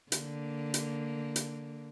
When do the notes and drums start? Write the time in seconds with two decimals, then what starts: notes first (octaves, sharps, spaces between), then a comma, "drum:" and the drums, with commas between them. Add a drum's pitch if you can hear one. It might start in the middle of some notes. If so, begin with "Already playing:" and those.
0.12 D3 A#3, drum: hi-hat
0.74 drum: hi-hat
1.36 drum: hi-hat